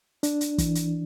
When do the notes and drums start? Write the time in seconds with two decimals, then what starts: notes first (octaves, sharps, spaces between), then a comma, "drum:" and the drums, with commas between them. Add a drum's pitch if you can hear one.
0.23 D4, drum: hi-hat
0.41 drum: hi-hat
0.58 E3, drum: kick, hi-hat
0.75 drum: hi-hat